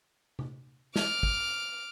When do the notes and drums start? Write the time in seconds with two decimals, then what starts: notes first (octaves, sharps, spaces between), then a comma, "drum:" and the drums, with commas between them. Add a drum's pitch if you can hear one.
0.39 drum: tom C3
0.96 D6 F6, drum: snare
1.23 drum: kick